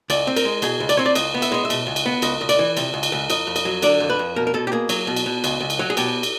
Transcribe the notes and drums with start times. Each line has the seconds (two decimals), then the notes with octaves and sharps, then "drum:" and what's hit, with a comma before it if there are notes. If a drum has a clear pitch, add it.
0.10 C#2 D5, drum: cymbal
0.27 C4
0.36 A#4, drum: cymbal
0.45 G#3
0.62 B2 G#4, drum: cymbal
0.80 C#2
0.89 D5, drum: cymbal
0.97 C4 C#5
1.06 D5
1.15 C#2 D#5, drum: cymbal
1.34 B3
1.42 E5, drum: cymbal
1.52 G#3 D#5
1.65 E5
1.70 B2, drum: cymbal
1.87 C#2
1.96 drum: cymbal
2.06 B3
2.22 C#2 D#5, drum: cymbal
2.41 C#2 D#5
2.49 D5, drum: cymbal
2.59 E3
2.77 C3, drum: cymbal
2.94 C#2
3.03 drum: cymbal
3.12 C#2
3.30 F2 D#5, drum: cymbal
3.47 F2
3.56 D#5, drum: cymbal
3.65 F#3
3.82 D3 D5, drum: cymbal
4.00 F2
4.10 B4
4.19 F2
4.36 B2 A#4
4.47 A#4
4.54 B2 A4
4.67 G4
4.72 A#3 G#4
4.89 F#3, drum: cymbal
5.07 B2
5.16 drum: cymbal
5.26 B2
5.44 C#2, drum: cymbal
5.60 C#2
5.70 drum: cymbal
5.79 F#3
5.90 G#4
5.97 B2 G4, drum: cymbal
6.23 drum: cymbal